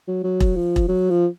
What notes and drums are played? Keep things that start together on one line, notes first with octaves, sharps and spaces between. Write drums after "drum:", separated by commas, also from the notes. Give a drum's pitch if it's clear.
F#3
F#3
drum: kick E1
F3
drum: kick E1
F#3
F3